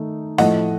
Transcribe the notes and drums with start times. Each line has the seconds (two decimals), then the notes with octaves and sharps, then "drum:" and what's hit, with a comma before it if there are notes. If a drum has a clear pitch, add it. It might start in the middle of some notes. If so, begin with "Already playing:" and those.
Already playing: D#3 A3 D#4
0.38 A2 F3 A3 D#5 F#5, drum: snare